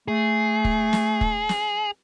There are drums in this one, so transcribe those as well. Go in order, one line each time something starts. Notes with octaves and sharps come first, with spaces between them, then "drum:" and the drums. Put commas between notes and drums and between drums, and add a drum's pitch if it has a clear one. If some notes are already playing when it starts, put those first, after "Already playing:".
A3 G#4
drum: kick
drum: snare
drum: kick
drum: snare